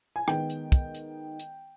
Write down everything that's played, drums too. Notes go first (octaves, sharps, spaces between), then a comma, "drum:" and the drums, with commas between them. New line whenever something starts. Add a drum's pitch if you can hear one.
G#5
D#3 G#3 B3 G5, drum: rim click
drum: hi-hat
drum: kick, hi-hat
drum: hi-hat
drum: hi-hat